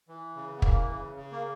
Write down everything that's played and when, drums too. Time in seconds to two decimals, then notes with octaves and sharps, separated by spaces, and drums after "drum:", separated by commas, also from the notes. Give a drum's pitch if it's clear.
0.08 E3
0.36 C#3
0.58 B3
0.62 E3 A#3, drum: kick
0.89 C#3
1.16 C#3
1.32 A#3